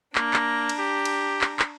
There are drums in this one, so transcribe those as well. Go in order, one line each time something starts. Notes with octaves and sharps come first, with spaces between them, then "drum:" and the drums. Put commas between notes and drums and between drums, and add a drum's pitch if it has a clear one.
A#3 D4 A#5, drum: clap
drum: clap
drum: cymbal
G4
drum: cymbal
drum: clap
drum: clap